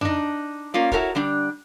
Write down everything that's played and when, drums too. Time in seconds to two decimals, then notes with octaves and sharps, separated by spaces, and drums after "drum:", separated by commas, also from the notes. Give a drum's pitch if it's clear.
0.01 D4 D#4, drum: tom F2
0.74 A#3 C#4 F4 D5
0.92 E4 F#4 G4 A4 A#4 C#5, drum: kick
1.15 D3 G3 D4